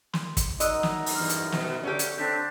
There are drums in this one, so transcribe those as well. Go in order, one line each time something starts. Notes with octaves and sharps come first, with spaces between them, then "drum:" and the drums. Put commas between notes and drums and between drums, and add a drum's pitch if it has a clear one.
C6, drum: snare
drum: kick, hi-hat
F#2 D#4 D#5 C6 E6 F#6, drum: hi-hat
drum: snare
drum: open hi-hat
E2 G2 F6
drum: hi-hat
B2, drum: snare
D3 C#4 G4
drum: hi-hat
C4 D4 A4 G6 B6